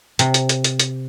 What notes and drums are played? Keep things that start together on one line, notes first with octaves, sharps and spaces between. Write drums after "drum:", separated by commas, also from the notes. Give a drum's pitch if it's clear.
C3, drum: hi-hat
drum: hi-hat
drum: hi-hat
drum: hi-hat
drum: hi-hat